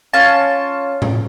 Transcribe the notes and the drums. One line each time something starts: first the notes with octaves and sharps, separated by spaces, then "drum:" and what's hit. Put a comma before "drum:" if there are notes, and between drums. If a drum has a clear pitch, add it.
C#4 F4 A5
drum: tom A2